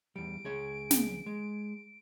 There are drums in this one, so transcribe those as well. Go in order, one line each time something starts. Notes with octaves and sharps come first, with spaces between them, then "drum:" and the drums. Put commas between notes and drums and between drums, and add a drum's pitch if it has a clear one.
E2 G3 D7
C#2 G#4 C#5
drum: snare
G#3